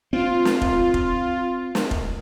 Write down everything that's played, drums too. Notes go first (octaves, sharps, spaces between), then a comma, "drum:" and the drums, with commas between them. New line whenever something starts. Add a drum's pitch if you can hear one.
C4 F4
drum: snare
drum: kick F1
drum: kick F1
drum: snare
drum: kick F1